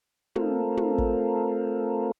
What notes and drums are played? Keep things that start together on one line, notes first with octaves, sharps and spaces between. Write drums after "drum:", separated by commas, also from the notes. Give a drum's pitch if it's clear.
A3 C4 F4 A4 A#4, drum: tom
drum: tom
drum: kick